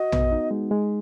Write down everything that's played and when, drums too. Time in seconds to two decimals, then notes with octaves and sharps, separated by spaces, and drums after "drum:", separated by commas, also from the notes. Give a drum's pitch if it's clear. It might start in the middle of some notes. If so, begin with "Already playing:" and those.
Already playing: F#4 D#5
0.12 B3, drum: tom A#1
0.32 D#4
0.51 G#3
0.71 G#3